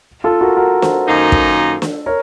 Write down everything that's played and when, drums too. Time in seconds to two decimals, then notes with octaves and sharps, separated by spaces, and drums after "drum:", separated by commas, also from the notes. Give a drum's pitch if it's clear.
0.24 F4 A4
0.41 F#4 A#4
0.57 F#4 A#4
0.82 A4 C5, drum: snare
1.07 F#2 D#3 A#3 D#4
1.32 drum: kick
1.82 drum: snare
2.06 A#4 C#5